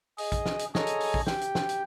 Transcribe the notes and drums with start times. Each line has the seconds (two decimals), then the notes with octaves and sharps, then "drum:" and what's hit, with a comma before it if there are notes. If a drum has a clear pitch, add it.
0.18 G#4 D#5, drum: open hi-hat
0.32 drum: kick A#1, hi-hat
0.46 drum: snare
0.59 drum: hi-hat
0.75 G#4 A4 C#5 D#5 G#5 A#5, drum: snare
0.87 drum: hi-hat
1.00 drum: open hi-hat
1.14 drum: kick A#1
1.27 G4 G5, drum: snare
1.41 drum: hi-hat
1.55 drum: snare
1.69 drum: hi-hat